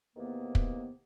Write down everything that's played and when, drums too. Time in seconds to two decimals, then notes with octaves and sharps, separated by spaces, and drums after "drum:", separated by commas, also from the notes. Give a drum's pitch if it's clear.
0.16 E2 C3 D#3 A#3 B3
0.55 drum: kick